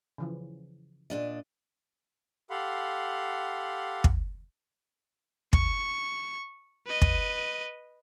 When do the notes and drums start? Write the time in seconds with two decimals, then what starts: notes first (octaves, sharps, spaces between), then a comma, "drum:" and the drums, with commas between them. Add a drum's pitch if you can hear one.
0.18 C#3 E3 F3
1.10 A#2 D4 D#5
2.50 G4 A4 F5 F#5 B5 C6
4.04 drum: kick
5.53 C#6, drum: kick
6.86 B4 D#5
7.02 drum: kick